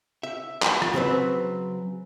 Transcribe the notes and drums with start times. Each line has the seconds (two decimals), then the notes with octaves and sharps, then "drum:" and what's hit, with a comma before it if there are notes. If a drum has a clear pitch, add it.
0.23 E5
0.62 drum: clap
0.82 drum: rim click
0.93 C#3 F#3 C4 B4